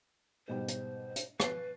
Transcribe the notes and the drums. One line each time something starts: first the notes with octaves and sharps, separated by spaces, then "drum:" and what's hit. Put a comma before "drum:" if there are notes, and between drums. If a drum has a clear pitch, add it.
G#2 B2 G3 C5
drum: hi-hat
drum: hi-hat
B4 A6 C7, drum: rim click